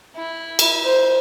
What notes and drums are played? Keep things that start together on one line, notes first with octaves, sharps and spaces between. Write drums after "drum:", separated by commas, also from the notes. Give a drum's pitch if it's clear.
E4
drum: cymbal
C5